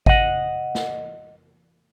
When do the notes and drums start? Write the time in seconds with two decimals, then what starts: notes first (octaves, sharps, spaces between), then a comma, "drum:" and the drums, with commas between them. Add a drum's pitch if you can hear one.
0.06 D#5 F#5, drum: kick G#1
0.75 drum: snare